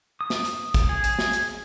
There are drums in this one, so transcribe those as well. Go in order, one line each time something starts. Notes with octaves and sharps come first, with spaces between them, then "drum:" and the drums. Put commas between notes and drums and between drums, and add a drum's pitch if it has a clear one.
D#6
drum: snare
drum: hi-hat
drum: kick, hi-hat
G#4
drum: hi-hat
drum: snare
drum: hi-hat